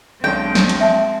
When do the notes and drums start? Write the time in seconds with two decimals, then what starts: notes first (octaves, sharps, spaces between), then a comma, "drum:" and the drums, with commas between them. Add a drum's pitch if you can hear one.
0.24 B1 G#3 C4 D4 G5
0.55 drum: snare
0.69 drum: hi-hat
0.80 E5 A5